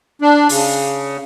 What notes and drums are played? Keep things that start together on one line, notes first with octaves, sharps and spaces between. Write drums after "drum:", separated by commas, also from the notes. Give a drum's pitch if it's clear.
D4
C#3, drum: open hi-hat